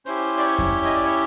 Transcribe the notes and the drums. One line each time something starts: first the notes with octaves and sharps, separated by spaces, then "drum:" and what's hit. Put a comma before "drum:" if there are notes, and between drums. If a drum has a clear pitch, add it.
C#4 E4 G4 C5, drum: hi-hat
D5
C#5
drum: kick F2, hi-hat
D#5, drum: hi-hat
D5
C#5